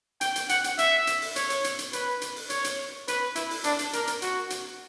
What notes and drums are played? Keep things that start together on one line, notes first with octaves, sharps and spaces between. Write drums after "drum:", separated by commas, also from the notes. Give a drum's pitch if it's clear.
G5, drum: hi-hat
drum: hi-hat
F#5, drum: hi-hat
drum: hi-hat
E5, drum: hi-hat
drum: hi-hat
drum: open hi-hat
C#5, drum: hi-hat
drum: hi-hat
drum: hi-hat
drum: hi-hat
B4, drum: hi-hat
drum: hi-hat
drum: open hi-hat
C#5, drum: hi-hat
drum: hi-hat
B4, drum: hi-hat
E4, drum: hi-hat
drum: open hi-hat
D4, drum: hi-hat
drum: hi-hat
A#4, drum: hi-hat
drum: hi-hat
F#4, drum: hi-hat
drum: hi-hat